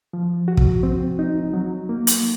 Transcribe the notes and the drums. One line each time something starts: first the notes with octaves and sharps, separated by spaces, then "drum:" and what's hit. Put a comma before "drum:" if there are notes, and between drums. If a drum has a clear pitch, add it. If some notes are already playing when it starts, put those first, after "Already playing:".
F3
F#4
drum: kick
C4
D#4
F#3
A#3
drum: hi-hat